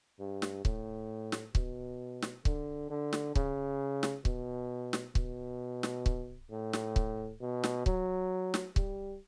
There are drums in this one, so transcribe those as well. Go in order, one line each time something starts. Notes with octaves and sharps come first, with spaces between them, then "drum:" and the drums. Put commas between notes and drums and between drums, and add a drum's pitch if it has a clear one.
G2
drum: snare
A2, drum: kick C#1
drum: snare
B2, drum: kick C#1
drum: snare
D3, drum: kick C#1
D3
drum: snare
C#3, drum: kick C#1
drum: snare
B2, drum: kick C#1
drum: snare
B2, drum: kick C#1
drum: snare
drum: kick C#1
A2
drum: snare
drum: kick C#1
B2
drum: snare
F#3, drum: kick C#1
drum: snare
G3, drum: kick C#1